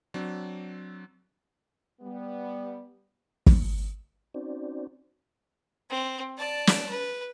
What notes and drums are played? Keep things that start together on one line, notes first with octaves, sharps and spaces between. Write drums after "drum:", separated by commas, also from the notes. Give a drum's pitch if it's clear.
F#3 C4 D4
G3 B3
drum: kick
C4 C#4 D#4 F#4 C5 D5
C4
D5 A5
drum: snare
B4